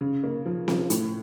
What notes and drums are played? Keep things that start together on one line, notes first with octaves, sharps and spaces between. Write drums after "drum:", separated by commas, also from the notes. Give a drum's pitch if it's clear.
C#3
A#3
F3
F3, drum: snare C4
A2, drum: hi-hat